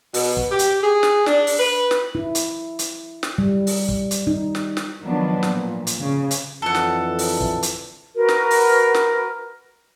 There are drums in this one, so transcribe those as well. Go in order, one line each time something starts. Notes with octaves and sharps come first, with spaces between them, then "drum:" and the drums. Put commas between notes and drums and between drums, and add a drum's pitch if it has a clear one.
B2, drum: open hi-hat
drum: kick
G4
drum: hi-hat
G#4
drum: snare
D4, drum: snare
drum: open hi-hat
B4
drum: snare
E4
drum: hi-hat
drum: hi-hat
drum: snare
G3
drum: open hi-hat
drum: kick
drum: hi-hat
D#4
drum: snare
drum: snare
D#3 F3 F#3 B3 D4
A#2, drum: snare
drum: hi-hat
C#3
drum: hi-hat
F2 D3 E3 A4 F#5
drum: snare
drum: open hi-hat
drum: kick
drum: hi-hat
F#4 A#4 B4
drum: snare
drum: open hi-hat
drum: snare